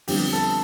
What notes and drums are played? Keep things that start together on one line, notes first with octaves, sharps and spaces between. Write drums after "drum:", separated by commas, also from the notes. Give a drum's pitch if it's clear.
F2 D3 G3 B3 D4 G4, drum: open hi-hat
A4